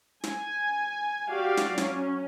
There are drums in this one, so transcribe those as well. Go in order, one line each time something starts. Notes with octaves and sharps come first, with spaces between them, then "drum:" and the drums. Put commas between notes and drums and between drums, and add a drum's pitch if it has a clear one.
G#5, drum: snare
F#4 G4 D5 F5
drum: snare
F#3 C#4, drum: snare